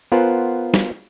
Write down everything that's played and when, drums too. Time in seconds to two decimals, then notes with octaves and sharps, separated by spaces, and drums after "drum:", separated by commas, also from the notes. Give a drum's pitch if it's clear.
0.12 B3 F4 A#4 C5 F#5 G#5
0.74 drum: snare